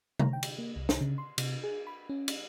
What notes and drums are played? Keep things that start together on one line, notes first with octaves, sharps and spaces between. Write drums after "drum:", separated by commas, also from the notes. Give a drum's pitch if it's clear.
A#5, drum: tom C3
G5
drum: cymbal
A#3
C2
drum: snare
C#3
C6
C3, drum: cymbal
G#4
B5
C#4
drum: cymbal